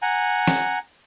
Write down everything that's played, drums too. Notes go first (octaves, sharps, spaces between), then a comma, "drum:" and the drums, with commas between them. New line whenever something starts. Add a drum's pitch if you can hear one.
F#5 G#5 A#5
drum: snare